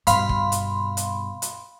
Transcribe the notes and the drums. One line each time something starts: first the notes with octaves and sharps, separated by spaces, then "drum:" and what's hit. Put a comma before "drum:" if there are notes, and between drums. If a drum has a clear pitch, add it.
G2 B2 F5 B5 C6, drum: hi-hat
drum: kick
drum: hi-hat
drum: hi-hat
drum: hi-hat